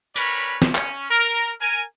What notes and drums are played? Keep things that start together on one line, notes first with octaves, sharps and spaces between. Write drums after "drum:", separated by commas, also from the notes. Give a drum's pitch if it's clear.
G3 C#4 A#4 B4 C#5 B5, drum: tambourine
drum: snare
C#4, drum: clap
A#4
A#4 G#5